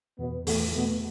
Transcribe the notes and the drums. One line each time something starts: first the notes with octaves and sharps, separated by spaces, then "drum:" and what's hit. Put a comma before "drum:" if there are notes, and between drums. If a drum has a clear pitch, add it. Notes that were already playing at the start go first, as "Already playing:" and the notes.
E2 B2 B3
E2 A2 A3, drum: open hi-hat
B2 A3 B3